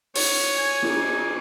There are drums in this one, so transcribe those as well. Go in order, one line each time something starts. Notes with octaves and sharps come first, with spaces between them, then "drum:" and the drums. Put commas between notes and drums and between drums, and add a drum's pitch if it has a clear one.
C#5, drum: open hi-hat
G#5
drum: cymbal